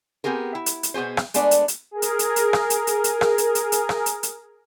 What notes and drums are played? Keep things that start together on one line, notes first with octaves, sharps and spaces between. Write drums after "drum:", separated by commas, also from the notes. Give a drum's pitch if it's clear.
B3 C4 G4 G#4 A#4
E4
drum: hi-hat
drum: hi-hat
B2 B3 G4 G#4 C5
drum: rim click
G#3 A3 B3 D4 D5, drum: hi-hat
drum: hi-hat
drum: hi-hat
G#4 A#4
drum: hi-hat
drum: hi-hat
drum: hi-hat
drum: rim click
drum: hi-hat
drum: hi-hat
drum: hi-hat
drum: rim click
drum: hi-hat
drum: hi-hat
drum: hi-hat
drum: rim click
drum: hi-hat
drum: hi-hat